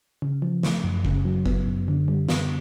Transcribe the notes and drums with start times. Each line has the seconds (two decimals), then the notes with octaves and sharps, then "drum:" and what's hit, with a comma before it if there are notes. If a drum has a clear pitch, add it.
0.22 C#3
0.42 F3
0.63 A3, drum: snare
0.84 F#2
1.05 C#3, drum: kick F#1
1.25 F#3
1.46 B3, drum: kick F#1
1.67 F#2
1.88 D3
2.08 G3
2.29 B3, drum: snare